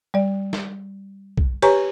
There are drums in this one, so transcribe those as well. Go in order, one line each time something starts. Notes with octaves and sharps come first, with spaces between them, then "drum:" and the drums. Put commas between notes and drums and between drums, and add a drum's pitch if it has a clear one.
G3 D5
drum: snare
drum: kick
G4 B4 C#5 G#5 A#5 C#6, drum: cymbal